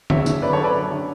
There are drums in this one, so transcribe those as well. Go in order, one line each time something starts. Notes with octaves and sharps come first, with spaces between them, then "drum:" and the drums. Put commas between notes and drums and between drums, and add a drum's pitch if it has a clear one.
E2 C#5 E5, drum: tom D3
D3, drum: tambourine
F#2 B4 D5
A4 C#5
D3
B4 D5
F#2
D3